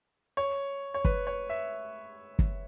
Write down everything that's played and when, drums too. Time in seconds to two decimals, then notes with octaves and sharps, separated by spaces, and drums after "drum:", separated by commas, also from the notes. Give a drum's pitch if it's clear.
0.37 C#5
0.94 C#5
1.05 B4, drum: kick
1.27 C#5
1.50 E5
2.39 drum: kick